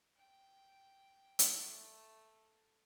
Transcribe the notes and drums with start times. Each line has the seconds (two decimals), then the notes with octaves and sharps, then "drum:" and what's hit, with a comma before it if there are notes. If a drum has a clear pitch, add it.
0.16 G5
1.39 drum: hi-hat
1.55 A3